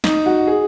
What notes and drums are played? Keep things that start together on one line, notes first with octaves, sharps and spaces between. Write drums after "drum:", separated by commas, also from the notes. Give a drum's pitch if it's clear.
D#4, drum: snare
F#4
G#4